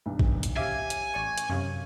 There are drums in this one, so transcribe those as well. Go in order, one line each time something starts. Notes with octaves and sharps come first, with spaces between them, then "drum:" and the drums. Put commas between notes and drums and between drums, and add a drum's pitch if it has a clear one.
B1 G2 D#3
drum: kick A1
drum: hi-hat
C#4 G4 E5 F5 G#5 D6
drum: hi-hat
A1 D5 C#6
drum: hi-hat
F#2 C3 C#4 F5 C#6